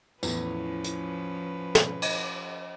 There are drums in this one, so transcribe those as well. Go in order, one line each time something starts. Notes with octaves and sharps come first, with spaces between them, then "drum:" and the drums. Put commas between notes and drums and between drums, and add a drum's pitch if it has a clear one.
E2 A2 F3 C#4 B4, drum: tambourine
drum: hi-hat
drum: snare
drum: cymbal